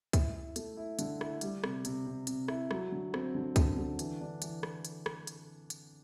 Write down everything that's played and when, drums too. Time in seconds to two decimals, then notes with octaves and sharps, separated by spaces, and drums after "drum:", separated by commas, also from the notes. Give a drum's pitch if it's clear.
0.13 E4, drum: kick C#2, hi-hat
0.34 E4
0.56 A3, drum: hi-hat
0.77 E4
0.99 D3, drum: hi-hat
1.21 E4, drum: rim click
1.41 G3, drum: hi-hat
1.64 C3, drum: rim click
1.85 C3, drum: hi-hat
2.07 C3
2.27 C3, drum: hi-hat
2.48 E4, drum: rim click
2.71 F#3, drum: rim click
2.92 D3
3.14 C4, drum: rim click
3.35 D3
3.56 D3, drum: kick C#2, hi-hat
3.77 D3
3.99 E3, drum: hi-hat
4.21 D4
4.42 E3, drum: hi-hat
4.63 drum: rim click
4.85 drum: hi-hat
5.06 drum: rim click
5.27 drum: hi-hat
5.70 drum: hi-hat